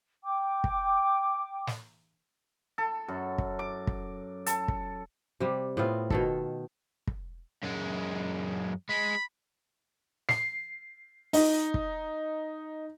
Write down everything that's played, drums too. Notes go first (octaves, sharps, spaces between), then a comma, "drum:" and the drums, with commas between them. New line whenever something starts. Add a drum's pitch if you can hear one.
G5 D6
drum: kick
drum: snare
A4
F#2
drum: kick
D6
drum: kick
A4, drum: hi-hat
drum: kick
C3 G3
A2 B3 C4 F4
B2 D#3 A4, drum: kick
drum: kick
F#2 G#3
G#3 B5
C7, drum: snare
D#4, drum: open hi-hat
drum: kick